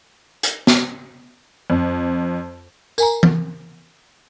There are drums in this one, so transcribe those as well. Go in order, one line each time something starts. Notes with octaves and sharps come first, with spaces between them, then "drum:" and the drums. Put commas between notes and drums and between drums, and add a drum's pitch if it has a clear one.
drum: hi-hat
drum: snare
F2
A#4 G#5 A#5, drum: tambourine
drum: tom E3